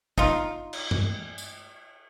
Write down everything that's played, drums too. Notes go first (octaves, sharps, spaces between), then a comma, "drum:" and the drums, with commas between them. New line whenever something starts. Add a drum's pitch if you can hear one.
D#4 F4, drum: kick
drum: cymbal
drum: tom G2
drum: tambourine